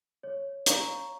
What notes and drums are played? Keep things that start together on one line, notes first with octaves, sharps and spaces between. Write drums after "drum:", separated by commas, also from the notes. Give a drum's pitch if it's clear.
C#5
F5 A#5 C#6, drum: hi-hat